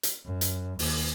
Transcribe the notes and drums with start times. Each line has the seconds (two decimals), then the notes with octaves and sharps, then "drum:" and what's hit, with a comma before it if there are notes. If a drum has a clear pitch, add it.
0.03 drum: hi-hat
0.25 F#2
0.41 drum: hi-hat
0.79 D#2, drum: open hi-hat